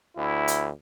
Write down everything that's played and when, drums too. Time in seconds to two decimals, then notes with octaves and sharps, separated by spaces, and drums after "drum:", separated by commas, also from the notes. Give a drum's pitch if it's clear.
0.17 D2 E4
0.48 drum: hi-hat